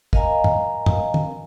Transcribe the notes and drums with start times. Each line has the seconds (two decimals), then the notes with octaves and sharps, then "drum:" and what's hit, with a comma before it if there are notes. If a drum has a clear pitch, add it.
0.13 A#4 D#5 F5 G#5 A#5, drum: kick
0.44 drum: tom
0.86 drum: tom
1.14 drum: tom